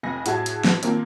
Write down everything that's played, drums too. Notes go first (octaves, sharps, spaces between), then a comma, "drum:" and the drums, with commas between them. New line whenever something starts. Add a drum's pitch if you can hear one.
F1 F2 G#5 A#6
A2 F#4 G#4 E5 A5 G#6, drum: hi-hat
drum: hi-hat
drum: snare
D#3 F3 A#3 C4, drum: hi-hat